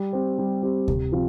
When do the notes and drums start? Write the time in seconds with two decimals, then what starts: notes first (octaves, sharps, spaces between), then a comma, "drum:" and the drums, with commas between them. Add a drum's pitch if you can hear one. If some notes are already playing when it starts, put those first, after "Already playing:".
Already playing: G3
0.13 C4 G4
0.38 G3
0.62 C4 G4
0.88 C3, drum: kick D2
1.12 F3 C4 F4